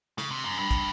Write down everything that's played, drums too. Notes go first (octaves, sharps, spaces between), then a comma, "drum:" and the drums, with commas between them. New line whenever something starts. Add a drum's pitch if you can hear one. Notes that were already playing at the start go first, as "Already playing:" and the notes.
C#3, drum: snare
C3
F#2
G2
drum: kick, hi-hat